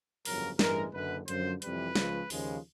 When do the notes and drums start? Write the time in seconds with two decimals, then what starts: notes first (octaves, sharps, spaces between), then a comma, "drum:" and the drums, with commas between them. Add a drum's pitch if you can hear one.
0.25 G1 F2 C#3 F#3 A#4, drum: open hi-hat
0.59 A1 G2 E3 G#3 A#4, drum: snare
0.94 F#1 F#2 D3 B4
1.28 F#2 D3 F3 C5, drum: hi-hat
1.62 F2 C3 E3 G3 B4, drum: hi-hat
1.95 C#2 C#3 F3, drum: snare
2.30 D#2 C#3 F3 G#3, drum: open hi-hat